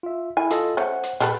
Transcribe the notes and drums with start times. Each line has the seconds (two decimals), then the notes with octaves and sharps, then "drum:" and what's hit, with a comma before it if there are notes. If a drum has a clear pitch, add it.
0.03 F4 E5
0.37 E4 G#5
0.51 F4 A4 D#5, drum: hi-hat
0.77 A3 C#4 C5 F#5
1.04 drum: hi-hat
1.20 A#2 G4 A4 B4, drum: hi-hat